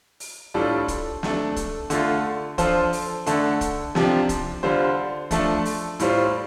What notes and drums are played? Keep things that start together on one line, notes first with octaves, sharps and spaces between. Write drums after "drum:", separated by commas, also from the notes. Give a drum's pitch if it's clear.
drum: open hi-hat
A2 G3 D4 F4 A4
drum: kick, hi-hat
A3 D4 A4, drum: snare
drum: kick, hi-hat
D3 A3 F4, drum: hi-hat
F3 D4 F4 A4 C5, drum: kick, hi-hat
drum: open hi-hat
D3 A3 D4 A4, drum: hi-hat
drum: kick, hi-hat
C3 F3 D4 G4, drum: snare
drum: kick, hi-hat
D3 G3 F4 C5
F3 A3 D4 A4, drum: kick, hi-hat
drum: open hi-hat
A2 G3 F4 C5, drum: hi-hat